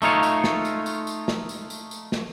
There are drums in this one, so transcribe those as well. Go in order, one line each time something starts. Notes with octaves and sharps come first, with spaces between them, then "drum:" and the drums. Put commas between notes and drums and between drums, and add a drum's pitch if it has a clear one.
A3 D#4 F4 C#5, drum: tambourine
drum: tambourine
drum: snare
drum: tambourine
drum: tambourine
drum: tambourine
drum: snare
drum: tambourine
drum: tambourine
drum: tambourine
drum: snare